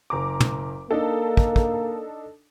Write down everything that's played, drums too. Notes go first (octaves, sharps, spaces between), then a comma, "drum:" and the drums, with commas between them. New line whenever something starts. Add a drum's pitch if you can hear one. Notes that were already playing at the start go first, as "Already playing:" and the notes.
F#1 A#5 D6
drum: tom
A#3 D4 D#4 A4
drum: kick
drum: kick